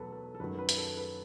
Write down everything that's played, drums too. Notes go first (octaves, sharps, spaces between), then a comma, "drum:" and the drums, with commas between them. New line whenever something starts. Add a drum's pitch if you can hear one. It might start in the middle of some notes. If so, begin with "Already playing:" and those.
Already playing: E2 B2 F#3 A4 B4
A4
A4
F#2 D#3 F#3 B4
B4
drum: hi-hat
A4
B4